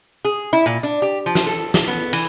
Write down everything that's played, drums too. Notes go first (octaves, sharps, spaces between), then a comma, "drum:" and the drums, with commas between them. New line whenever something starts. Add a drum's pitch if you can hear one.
G#4
E4
A#2
D4
G4
F3
drum: snare
A4
drum: snare
B3
E3, drum: cymbal